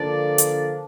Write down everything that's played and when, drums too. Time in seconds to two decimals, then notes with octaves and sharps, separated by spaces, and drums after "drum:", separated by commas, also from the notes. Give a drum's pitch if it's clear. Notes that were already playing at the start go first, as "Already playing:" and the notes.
Already playing: D3 F3 A#3 D4 D5
0.38 drum: hi-hat